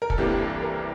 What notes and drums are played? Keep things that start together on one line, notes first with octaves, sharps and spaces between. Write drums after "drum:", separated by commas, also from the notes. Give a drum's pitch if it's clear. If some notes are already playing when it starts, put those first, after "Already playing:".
A#4
A4, drum: kick
C2 C3 E3 A#3 D4 G4
A4
A#4